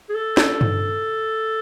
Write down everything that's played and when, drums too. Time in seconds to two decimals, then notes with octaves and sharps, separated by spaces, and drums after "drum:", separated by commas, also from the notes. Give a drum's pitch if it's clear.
0.09 G#4
0.15 A4
0.37 drum: snare
0.61 drum: tom G2